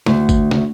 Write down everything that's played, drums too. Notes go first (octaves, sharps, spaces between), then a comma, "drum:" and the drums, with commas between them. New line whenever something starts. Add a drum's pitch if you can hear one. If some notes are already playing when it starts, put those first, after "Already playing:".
D2, drum: snare
drum: kick G1, tambourine
drum: snare